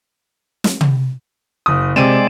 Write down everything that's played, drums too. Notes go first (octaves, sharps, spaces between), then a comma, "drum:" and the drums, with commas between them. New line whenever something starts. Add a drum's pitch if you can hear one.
drum: snare
drum: tom
F#1 D#6
C3 G#3 C4 D5 D#7 E7